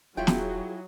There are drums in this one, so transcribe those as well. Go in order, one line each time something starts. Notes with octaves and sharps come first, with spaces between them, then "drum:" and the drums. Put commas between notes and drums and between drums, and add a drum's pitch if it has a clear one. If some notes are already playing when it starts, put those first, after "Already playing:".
E1 F#3 E4 F4 G#4 G5
drum: snare